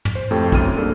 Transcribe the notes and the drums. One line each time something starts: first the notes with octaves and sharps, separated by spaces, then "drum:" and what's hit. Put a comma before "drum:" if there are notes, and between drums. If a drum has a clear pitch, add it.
drum: tom
C5
F2 A2 G4 A4 G5
G1 F#2 C4 F6 D#7, drum: kick, hi-hat
G3 A#3 D4 G#4 A4